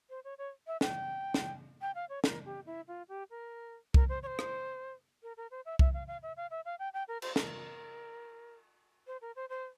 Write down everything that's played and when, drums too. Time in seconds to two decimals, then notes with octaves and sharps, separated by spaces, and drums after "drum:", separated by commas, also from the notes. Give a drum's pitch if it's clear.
0.10 C5
0.24 C#5
0.38 C#5
0.67 E5
0.81 G5, drum: snare
1.34 drum: snare
1.81 G5
1.95 F5
2.09 C#5
2.24 A#4, drum: snare
2.45 G4
2.66 E4
2.88 F4
3.08 G4
3.30 A#4
3.94 A#4, drum: kick C2
4.09 C5
4.23 C#5
4.27 C5
4.39 drum: rim click
5.23 A#4
5.37 A#4
5.51 C5
5.65 E5
5.79 E5, drum: kick C2
5.94 F5
6.07 F5
6.23 E5
6.37 F5
6.51 E5
6.65 F5
6.79 G5
6.94 G5
7.08 A#4
7.22 C5, drum: cymbal
7.36 A#4, drum: snare
9.07 C5
9.21 A#4
9.36 C5
9.49 C5